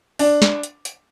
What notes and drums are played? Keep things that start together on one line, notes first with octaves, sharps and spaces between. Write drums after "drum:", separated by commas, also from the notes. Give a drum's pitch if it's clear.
D4, drum: open hi-hat
drum: snare
drum: hi-hat
drum: hi-hat